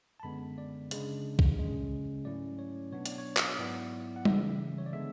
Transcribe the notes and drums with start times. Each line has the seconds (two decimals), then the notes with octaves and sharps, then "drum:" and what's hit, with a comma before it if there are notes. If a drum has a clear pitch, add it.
0.20 A5
0.23 F#2 D3 G#3 B3 B5
0.58 D5
0.91 C#3 G#3 D4, drum: hi-hat
1.39 drum: kick
1.58 C#3 G#3 C#4
2.25 G#2 F#3 A3 C#4 E4 D5
2.59 C#5
2.92 B2 F#3 B3 D4 C#5
3.06 D5, drum: hi-hat
3.18 C#5
3.37 drum: clap
3.58 G#2 F#3 B3 E4 D5
4.16 F#5
4.25 C#3 E3 G#3 E5, drum: tom G3
4.78 C#5
4.86 D5
4.93 D3 G#3 B3 D4 E5